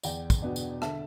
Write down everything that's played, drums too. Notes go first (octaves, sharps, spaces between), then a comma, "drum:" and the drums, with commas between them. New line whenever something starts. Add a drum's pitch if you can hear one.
E2 D5 G5, drum: tambourine
drum: kick, tambourine
B2 B3 D4
drum: tambourine
D3 E5 A5, drum: rim click